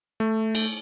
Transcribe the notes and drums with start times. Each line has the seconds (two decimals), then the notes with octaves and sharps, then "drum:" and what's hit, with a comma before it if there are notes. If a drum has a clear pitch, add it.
0.20 A3
0.55 drum: cymbal